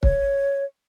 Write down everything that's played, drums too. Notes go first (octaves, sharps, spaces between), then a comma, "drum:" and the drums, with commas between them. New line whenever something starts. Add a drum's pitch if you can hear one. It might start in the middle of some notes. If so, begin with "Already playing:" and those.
C#5, drum: kick